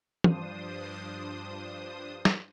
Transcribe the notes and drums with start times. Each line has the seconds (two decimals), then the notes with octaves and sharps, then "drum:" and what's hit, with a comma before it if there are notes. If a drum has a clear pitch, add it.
0.24 G2 F3 D4 C5 D#6, drum: tom
2.25 drum: snare